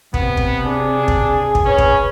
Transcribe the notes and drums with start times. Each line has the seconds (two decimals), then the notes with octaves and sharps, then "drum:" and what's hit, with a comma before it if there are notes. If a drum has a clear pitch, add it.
0.14 C3 B3, drum: kick
0.37 drum: kick
0.66 D4 G#4
1.08 drum: kick
1.55 drum: kick
1.65 C#4 B4 C#5
1.78 drum: kick